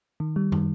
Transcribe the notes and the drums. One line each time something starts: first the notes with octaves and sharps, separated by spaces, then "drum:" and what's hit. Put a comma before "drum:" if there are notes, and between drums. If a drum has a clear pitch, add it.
D#3
G3
D#3, drum: tom